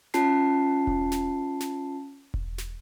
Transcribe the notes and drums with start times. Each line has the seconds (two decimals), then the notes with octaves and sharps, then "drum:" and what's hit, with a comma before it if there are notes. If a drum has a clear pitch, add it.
0.14 C#4 F4 A5 C7, drum: snare
0.87 drum: kick E1
1.12 drum: snare
1.60 drum: snare
2.34 drum: kick E1
2.58 drum: snare